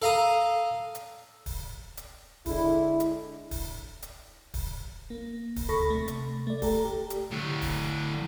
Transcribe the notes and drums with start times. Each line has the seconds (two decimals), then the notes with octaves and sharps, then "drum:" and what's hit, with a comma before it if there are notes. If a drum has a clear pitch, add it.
0.02 A4 F5 A#5 D#6
0.95 drum: hi-hat
1.46 drum: kick, open hi-hat
1.97 drum: hi-hat
2.46 D3 G#3 E4, drum: kick, open hi-hat
3.00 drum: hi-hat
3.51 drum: kick, open hi-hat
4.02 drum: hi-hat
4.54 drum: kick, open hi-hat
5.10 A#3
5.56 drum: kick, open hi-hat
5.69 D2 A4 B5 C#6 A#6
5.90 C3 A3
6.08 drum: hi-hat
6.47 A3 D5
6.62 G4 A4 A#5, drum: kick, open hi-hat
6.85 G4
7.10 drum: hi-hat
7.31 A2 D3
7.62 drum: kick, open hi-hat